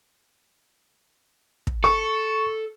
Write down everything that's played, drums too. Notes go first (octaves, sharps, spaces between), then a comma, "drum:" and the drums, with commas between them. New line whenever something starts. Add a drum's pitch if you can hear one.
drum: kick
A4 C#6